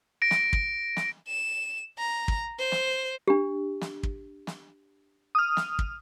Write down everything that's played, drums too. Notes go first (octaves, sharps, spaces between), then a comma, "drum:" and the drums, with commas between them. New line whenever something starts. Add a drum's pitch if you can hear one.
A#6 D7
drum: snare
drum: kick
drum: snare
E7
A#5
drum: kick
C5
drum: snare
D4 G4
drum: snare
drum: kick
drum: snare
D#6 F6
drum: snare
drum: kick